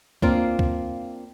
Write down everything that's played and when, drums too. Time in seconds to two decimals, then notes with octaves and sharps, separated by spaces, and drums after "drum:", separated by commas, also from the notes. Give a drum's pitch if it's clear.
0.22 A#3 C4 D4 F4, drum: kick C#2
0.59 drum: kick C#2